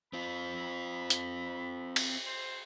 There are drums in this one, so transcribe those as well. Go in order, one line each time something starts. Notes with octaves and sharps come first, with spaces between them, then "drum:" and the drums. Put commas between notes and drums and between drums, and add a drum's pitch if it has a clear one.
C4 F4 B5
drum: hi-hat
drum: cymbal
C5